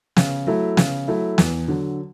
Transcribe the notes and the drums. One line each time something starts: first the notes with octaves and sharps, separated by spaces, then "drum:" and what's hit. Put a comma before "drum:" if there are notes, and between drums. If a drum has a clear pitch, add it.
C#3, drum: snare
F#3 A3 E4
C#3, drum: snare
F#3 A3 E4
E2, drum: snare
D3 F#3